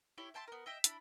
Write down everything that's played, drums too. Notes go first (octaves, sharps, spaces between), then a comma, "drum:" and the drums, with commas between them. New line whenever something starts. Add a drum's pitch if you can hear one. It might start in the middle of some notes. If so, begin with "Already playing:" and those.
E4 G4 C#5
E5 G5 A5 C6
B3 A#4
D#5 E5 G5
D4 E4 B5, drum: hi-hat